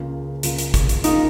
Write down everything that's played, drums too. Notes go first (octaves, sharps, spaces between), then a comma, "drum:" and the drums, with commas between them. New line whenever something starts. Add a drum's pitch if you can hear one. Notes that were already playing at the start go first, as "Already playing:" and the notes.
Already playing: C#2 C#3 A#3 F4
C#2 C#3 A#3 F4, drum: hi-hat
drum: hi-hat
drum: kick, hi-hat
drum: hi-hat
C#3 A#3 D#4 F4, drum: hi-hat